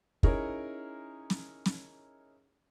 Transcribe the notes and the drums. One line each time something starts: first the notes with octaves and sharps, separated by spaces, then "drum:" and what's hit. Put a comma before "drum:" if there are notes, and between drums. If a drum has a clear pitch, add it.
C#4 D#4 E4 G#4 A#4 C#5, drum: kick
drum: snare
drum: snare